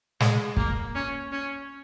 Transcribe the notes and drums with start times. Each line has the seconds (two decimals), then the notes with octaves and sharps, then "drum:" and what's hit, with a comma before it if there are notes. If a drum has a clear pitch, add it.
0.20 G#3, drum: snare
0.57 A#3, drum: kick
0.95 C#4
1.32 C#4